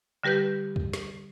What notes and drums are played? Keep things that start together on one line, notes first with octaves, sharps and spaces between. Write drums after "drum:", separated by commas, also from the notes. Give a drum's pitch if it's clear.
D3 G3 G4 B4 G6
drum: kick
drum: snare